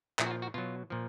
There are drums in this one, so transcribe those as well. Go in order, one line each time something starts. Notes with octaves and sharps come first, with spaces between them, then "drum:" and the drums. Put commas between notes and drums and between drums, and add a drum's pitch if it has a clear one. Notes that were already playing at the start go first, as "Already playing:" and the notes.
A#2 F3 E4, drum: clap
F#4
F4
F#4
B2 F#3 F4
A#2 F3